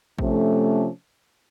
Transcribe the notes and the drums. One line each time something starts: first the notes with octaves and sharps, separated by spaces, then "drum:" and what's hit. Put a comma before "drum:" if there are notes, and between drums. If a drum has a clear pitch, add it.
C3 F3 A3 C#4, drum: kick A1